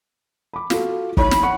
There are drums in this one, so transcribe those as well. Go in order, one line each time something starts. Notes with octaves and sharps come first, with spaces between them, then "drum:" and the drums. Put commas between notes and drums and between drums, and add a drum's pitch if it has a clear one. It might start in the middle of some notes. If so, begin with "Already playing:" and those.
B5 D6
F4 F#4 A4, drum: snare
D#4 E4 C#5 B5, drum: kick
drum: snare
F#5 C#6 C#7